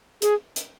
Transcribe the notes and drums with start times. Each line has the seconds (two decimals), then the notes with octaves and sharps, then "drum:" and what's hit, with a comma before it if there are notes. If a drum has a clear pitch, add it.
0.22 G#4, drum: hi-hat
0.56 drum: hi-hat